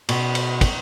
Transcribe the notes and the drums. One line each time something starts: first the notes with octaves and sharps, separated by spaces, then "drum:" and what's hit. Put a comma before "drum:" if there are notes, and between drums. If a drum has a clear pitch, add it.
B2, drum: cymbal
drum: cymbal
drum: kick, cymbal